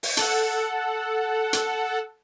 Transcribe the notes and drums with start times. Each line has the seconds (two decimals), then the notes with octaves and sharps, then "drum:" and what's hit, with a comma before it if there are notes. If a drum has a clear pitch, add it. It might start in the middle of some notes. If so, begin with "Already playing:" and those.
0.03 drum: open hi-hat
0.17 A4 F#5, drum: hi-hat
1.53 drum: hi-hat